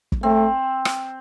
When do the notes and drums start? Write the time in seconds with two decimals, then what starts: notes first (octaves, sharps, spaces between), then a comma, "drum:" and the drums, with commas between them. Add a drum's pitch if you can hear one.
0.12 drum: kick
0.23 A3 C4
0.85 drum: rim click